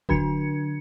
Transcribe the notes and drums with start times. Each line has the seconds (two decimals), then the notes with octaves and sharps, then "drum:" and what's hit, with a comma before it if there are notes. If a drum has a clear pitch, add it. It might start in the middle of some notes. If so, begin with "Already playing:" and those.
0.09 D3 D4 G#6 C#7, drum: kick D#1